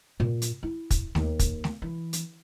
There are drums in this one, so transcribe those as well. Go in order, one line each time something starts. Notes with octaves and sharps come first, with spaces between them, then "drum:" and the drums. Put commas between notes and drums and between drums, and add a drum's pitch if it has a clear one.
A#2
drum: hi-hat
E4
drum: kick, hi-hat
D#2, drum: snare
drum: kick, hi-hat
drum: snare
E3
drum: hi-hat